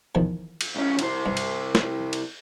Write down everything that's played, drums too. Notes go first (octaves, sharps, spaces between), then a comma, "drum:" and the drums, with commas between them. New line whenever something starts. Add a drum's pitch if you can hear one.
E2 D#3 F3
drum: cymbal
B1 C#4
C2 C5, drum: cymbal
G2
drum: cymbal
drum: snare
drum: cymbal